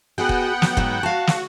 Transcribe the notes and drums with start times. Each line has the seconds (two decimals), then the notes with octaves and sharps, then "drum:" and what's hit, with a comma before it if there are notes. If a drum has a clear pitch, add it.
0.18 B2 B3 F#4 G#4 F#5 G5
0.29 drum: kick F1
0.62 F#3, drum: snare
0.77 G#2 F#3, drum: kick F1
1.03 F#4 F5 A5
1.27 drum: snare